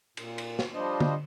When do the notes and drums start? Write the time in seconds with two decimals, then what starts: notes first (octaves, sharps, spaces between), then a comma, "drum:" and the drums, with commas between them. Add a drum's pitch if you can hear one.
0.17 A#2, drum: cymbal
0.38 drum: cymbal
0.59 drum: snare
0.75 F3 G3 D4 C5 D#5
1.00 drum: tom